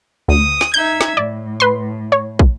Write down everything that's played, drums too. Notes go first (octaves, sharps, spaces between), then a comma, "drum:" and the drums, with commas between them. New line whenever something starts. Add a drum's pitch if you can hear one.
D2 D#6
drum: snare
D#4 E5 G6 G#6
drum: snare
A2 D5
B4 C6
C#5
drum: kick